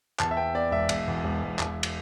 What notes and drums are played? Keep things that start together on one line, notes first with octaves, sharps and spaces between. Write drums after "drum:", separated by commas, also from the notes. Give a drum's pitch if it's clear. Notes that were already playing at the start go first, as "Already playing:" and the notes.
E2 A5, drum: clap
E5
B3 G5
B3 D5
E1 E5
E1, drum: cymbal
E2
E1
E1
E1, drum: clap
drum: cymbal